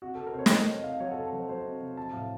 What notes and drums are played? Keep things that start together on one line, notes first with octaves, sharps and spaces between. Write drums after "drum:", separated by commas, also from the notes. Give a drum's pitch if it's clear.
C3 F#4
C3 A4
A#4
C3 C5 C#5
C#5, drum: snare
C3 D#5
C3 C#5
C3 F5
F#3 C#5
F#4
A4
C3
A4
F#3 C5
F#3 C5
C3
F#3
F3 A5
A2 F5